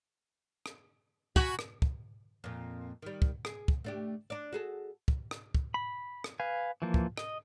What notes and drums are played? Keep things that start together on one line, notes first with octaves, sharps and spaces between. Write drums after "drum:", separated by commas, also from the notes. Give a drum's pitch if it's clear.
drum: rim click
F#4 G#5 B5, drum: kick
drum: rim click
drum: kick
F2 A#2
D#3 G3
drum: kick
G#4, drum: rim click
drum: kick
A3 D4 G4
D4 D5
F#4 G#4 A4
drum: kick
drum: rim click
drum: kick
B5
drum: rim click
B4 F5 G#5
E3 F3 A#3
drum: kick
D#5, drum: rim click